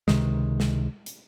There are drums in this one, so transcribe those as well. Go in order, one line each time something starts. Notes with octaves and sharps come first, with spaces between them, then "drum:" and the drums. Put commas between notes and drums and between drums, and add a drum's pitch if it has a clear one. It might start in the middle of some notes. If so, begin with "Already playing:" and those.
C#2 C3 D#3 G#3, drum: snare
drum: snare
drum: hi-hat